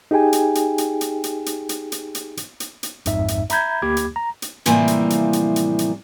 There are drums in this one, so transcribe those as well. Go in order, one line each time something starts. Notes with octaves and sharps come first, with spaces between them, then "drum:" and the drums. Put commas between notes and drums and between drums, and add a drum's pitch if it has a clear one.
D#4 G4 G#4 G5 G#5
drum: hi-hat
drum: hi-hat
drum: hi-hat
drum: hi-hat
drum: hi-hat
drum: hi-hat
drum: hi-hat
drum: hi-hat
drum: hi-hat
drum: hi-hat
drum: hi-hat
drum: hi-hat
A1 F2 G#2 D#4 E5, drum: hi-hat
drum: hi-hat
E5 A#5 B5 G6 G#6, drum: hi-hat
D2 A#3 G4 B5 D6 G#6
drum: hi-hat
A#5
drum: hi-hat
A2 C3 E3 F3 G3 A#3, drum: hi-hat
drum: hi-hat
drum: hi-hat
drum: hi-hat
drum: hi-hat
drum: hi-hat